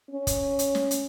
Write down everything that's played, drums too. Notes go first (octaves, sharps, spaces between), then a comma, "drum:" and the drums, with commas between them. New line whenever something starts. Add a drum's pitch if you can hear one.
C#4
drum: kick, hi-hat
drum: hi-hat
drum: snare
drum: hi-hat